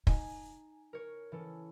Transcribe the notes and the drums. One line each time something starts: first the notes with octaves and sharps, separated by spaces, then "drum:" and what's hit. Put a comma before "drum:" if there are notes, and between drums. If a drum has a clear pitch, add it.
D#4 G#5 A#5, drum: kick
A#4 C#5
E3 C#4 A4